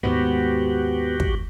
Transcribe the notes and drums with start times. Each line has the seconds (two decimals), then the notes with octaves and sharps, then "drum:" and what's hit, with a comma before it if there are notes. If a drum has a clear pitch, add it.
0.03 D#2 G#2 G#3 B3 F#4 G4 C5
1.20 drum: kick